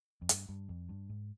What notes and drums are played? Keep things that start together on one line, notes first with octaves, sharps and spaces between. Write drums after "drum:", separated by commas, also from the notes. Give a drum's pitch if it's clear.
F2
G2, drum: hi-hat
G2
F2
G2
G#2